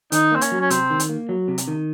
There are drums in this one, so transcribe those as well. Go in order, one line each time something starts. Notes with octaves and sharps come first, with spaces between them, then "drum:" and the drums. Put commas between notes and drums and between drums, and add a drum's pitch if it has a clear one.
D#3 D#4, drum: hi-hat
A#3 C4
C#4, drum: hi-hat
F#3
C#4
C3 C4, drum: hi-hat
D#3
drum: hi-hat
A#3
F#3
C3
drum: hi-hat
D#3